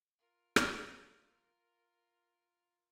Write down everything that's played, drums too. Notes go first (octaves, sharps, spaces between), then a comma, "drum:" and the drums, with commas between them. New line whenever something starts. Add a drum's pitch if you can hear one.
F4 A#4
drum: rim click